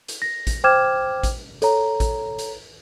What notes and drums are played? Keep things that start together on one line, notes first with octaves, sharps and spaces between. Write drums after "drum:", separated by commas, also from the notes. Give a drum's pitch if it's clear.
drum: hi-hat
A#6
drum: kick A1, hi-hat
C5 G5 D6 F6 G#6 E7
drum: kick A1, hi-hat
A4 C#5 A#5, drum: hi-hat
drum: kick A1, hi-hat
drum: hi-hat